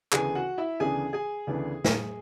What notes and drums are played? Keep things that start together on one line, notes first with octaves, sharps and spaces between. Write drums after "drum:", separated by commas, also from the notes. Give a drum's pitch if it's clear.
D2 C#3 E3 B3 D4 G#4 G#5, drum: clap
F#4 F#5
E4 E5
D2 C#3 E3 B3 D4 G#4 G#5
G#4 G#5
D2 C#3 E3 B3 D4
drum: snare